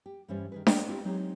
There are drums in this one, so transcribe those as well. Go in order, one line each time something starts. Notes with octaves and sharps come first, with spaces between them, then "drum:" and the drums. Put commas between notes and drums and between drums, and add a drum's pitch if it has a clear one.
G4
G2 E3 G3 C#4 C5 D5
D#3 G#4 B4
D#5 G5, drum: snare D4
C4 D4 E4 F4 G4 B4
F#3 G#3 C4 D#4 G4